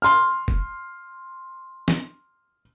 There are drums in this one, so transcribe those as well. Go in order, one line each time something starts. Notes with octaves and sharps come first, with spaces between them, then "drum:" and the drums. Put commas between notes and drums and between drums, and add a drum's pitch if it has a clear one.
C6 F6
drum: kick
drum: snare